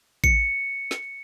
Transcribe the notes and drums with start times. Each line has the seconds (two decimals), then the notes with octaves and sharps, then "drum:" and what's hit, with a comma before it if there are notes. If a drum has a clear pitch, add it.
0.24 C#7, drum: kick A1
0.91 drum: snare